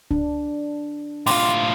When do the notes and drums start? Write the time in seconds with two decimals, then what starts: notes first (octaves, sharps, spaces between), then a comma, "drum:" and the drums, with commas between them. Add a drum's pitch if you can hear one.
0.11 D4, drum: kick C#2
1.26 A2 F4 C6 D6, drum: open hi-hat